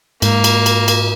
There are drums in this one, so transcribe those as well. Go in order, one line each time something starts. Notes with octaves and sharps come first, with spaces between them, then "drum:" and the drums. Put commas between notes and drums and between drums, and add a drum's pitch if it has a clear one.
G#2 A#3, drum: cymbal
drum: cymbal
drum: cymbal
drum: cymbal